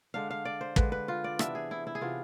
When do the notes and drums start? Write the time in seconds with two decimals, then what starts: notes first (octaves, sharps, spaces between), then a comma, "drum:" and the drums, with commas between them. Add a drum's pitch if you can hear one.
0.14 D3 G#3 D4 F5
0.31 F5
0.45 D5
0.61 C5
0.76 D3 G#3 D4 B4, drum: kick
0.92 B4
1.08 F4
1.24 D5
1.39 C3 E3 B3 D4 E5, drum: rim click
1.55 G#4
1.71 E4
1.87 E4
1.95 G#4
2.01 C3 E3 B3 D4 F4